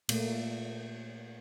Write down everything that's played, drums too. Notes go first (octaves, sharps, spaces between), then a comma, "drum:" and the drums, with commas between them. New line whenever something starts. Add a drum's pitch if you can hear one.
A#2 A3 A#3, drum: cymbal